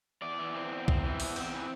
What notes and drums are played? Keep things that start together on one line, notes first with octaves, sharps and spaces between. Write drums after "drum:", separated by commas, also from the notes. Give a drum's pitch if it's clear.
E2 D5
E3
C4
E2
C4, drum: kick
E3
E2, drum: open hi-hat
C4, drum: cymbal
E3